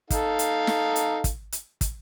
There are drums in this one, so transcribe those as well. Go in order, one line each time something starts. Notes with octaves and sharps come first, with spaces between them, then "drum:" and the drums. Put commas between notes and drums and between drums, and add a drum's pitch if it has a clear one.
D#4 A4 F5, drum: kick, hi-hat
drum: hi-hat
drum: snare
drum: hi-hat
drum: kick, hi-hat
drum: hi-hat
drum: kick, hi-hat